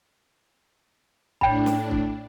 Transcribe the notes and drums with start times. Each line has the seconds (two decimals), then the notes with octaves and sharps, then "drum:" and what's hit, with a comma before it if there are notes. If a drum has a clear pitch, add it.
1.41 A2 D4 C#5 G5 B5, drum: kick
1.66 drum: snare
1.91 drum: kick